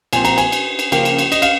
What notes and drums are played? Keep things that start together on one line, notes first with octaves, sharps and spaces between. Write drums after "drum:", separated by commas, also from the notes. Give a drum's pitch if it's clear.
A#2 F3 C4 G#5, drum: cymbal
A#5, drum: cymbal
G#5, drum: cymbal
drum: cymbal
drum: cymbal
C#3 F3 A#3 G5, drum: cymbal
drum: cymbal
drum: cymbal
D#5, drum: cymbal
F5, drum: cymbal